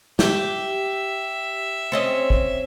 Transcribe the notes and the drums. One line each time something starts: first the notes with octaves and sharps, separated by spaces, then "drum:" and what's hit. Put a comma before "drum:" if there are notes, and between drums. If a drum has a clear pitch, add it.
G4 E5, drum: snare
C4 C#4 D#5
drum: kick